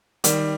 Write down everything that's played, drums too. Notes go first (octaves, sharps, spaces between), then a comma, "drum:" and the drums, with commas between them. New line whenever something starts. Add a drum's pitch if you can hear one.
D#3 G3, drum: hi-hat